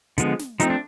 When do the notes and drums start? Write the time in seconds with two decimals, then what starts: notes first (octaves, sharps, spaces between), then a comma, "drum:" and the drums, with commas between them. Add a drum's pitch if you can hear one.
0.18 D3 F3 G#3 B3, drum: hi-hat
0.39 drum: snare
0.60 F3 A3 C4 D#4, drum: hi-hat
0.70 D4